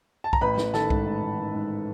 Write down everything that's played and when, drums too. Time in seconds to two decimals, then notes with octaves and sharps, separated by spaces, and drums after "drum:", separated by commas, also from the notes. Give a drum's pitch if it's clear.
0.24 A5
0.33 A#5, drum: kick B1
0.41 A1 B4 B5
0.58 A1, drum: snare
0.74 D#3 A4 A5, drum: snare
0.90 G#2, drum: kick B1
1.05 A1
1.22 A1
1.39 D#3
1.55 G#2